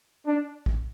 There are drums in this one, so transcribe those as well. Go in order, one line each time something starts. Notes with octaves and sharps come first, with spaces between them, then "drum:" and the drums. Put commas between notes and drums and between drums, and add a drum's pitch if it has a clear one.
D4
drum: kick